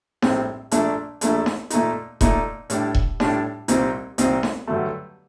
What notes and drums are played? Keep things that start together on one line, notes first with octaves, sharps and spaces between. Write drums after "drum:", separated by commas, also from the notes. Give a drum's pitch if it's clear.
A#1 A2 G3 C4, drum: snare D#4
A#1 A#2 A3 D4, drum: hi-hat
A#1 A#2 A3 D4, drum: hi-hat
drum: snare D#4
A#2 A3 D#4, drum: hi-hat
A#2 A3 D#4, drum: kick E1, hi-hat
A2 G3 D4, drum: hi-hat
drum: kick E1
A2 G3 D4, drum: snare D#4
C2 A#2 G3 C4 D#4, drum: hi-hat
C2 A#2 G3 C4 D#4, drum: hi-hat
drum: snare D#4
G2 D3 F#3 A3